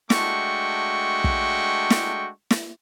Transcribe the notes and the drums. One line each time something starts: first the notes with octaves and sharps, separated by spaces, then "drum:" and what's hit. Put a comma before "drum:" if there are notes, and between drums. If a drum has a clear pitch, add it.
G#3 A3 D4 F#4 G5 C#6, drum: snare
drum: kick
drum: snare
drum: snare